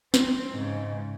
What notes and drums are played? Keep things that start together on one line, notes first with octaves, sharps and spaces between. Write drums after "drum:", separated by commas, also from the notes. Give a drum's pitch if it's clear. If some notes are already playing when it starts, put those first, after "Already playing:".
C4, drum: snare
G#2 C#3